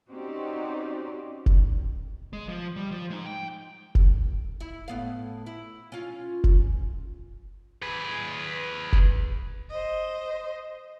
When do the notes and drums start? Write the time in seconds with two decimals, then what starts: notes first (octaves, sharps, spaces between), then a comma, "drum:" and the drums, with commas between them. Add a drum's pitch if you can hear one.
0.10 C4 C#4 D#4 F#4 G4 D5
1.46 drum: kick F1
2.33 G#3
2.49 F3
2.76 G3
2.91 F3
3.10 G#3 D#4
3.26 G5
3.95 drum: kick F1
4.61 E4
4.88 A2 B3 F5
5.46 E4
5.92 C#4 F4
6.44 drum: kick F1
7.82 G#4 B4
8.93 drum: kick F1
9.70 C5 D#5